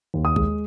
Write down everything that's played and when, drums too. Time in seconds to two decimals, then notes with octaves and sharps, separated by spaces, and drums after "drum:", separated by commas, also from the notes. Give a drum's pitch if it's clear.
0.14 D#2
0.25 D#6
0.36 G#3, drum: kick